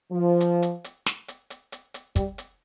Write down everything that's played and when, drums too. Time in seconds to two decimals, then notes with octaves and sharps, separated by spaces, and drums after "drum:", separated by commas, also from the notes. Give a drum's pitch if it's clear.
0.12 F3
0.40 drum: hi-hat
0.62 drum: hi-hat
0.84 drum: hi-hat
1.06 drum: snare
1.28 drum: hi-hat
1.50 drum: hi-hat
1.72 drum: hi-hat
1.94 drum: hi-hat
2.16 G3, drum: kick, hi-hat
2.38 drum: hi-hat